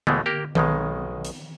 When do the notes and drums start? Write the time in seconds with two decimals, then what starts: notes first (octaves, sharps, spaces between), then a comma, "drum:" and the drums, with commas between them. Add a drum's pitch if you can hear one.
0.07 D#2 B2 E3 G#3 A3, drum: tom D3
0.26 A#3 G4 A#4
0.55 B1 B2 D#3 G#3, drum: tom D#3
1.25 drum: hi-hat